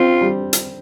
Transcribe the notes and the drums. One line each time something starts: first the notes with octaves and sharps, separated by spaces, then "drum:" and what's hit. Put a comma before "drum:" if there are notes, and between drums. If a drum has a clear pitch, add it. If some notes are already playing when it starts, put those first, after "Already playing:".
Already playing: C4 F4
G3
drum: hi-hat